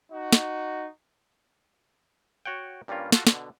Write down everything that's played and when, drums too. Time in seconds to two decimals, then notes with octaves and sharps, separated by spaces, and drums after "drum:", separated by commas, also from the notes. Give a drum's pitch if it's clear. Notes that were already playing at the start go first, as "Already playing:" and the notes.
0.12 D#4 F#4
0.33 drum: snare
2.45 F#4 C#5 F#5 G5
2.88 G2 G3 A#3 C#4 F4 A#4
3.12 F4 F#4 A4, drum: snare
3.27 B2 D3, drum: snare